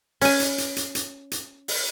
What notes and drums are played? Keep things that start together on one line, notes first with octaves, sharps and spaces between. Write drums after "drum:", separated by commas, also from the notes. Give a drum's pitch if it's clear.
C#4 G#5, drum: open hi-hat
drum: hi-hat
drum: hi-hat
drum: hi-hat
drum: hi-hat
drum: hi-hat
drum: open hi-hat